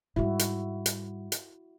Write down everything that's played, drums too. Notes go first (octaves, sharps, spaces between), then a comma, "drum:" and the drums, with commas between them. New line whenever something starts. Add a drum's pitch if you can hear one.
G#2 G3 E4 F#4
drum: hi-hat
drum: hi-hat
drum: hi-hat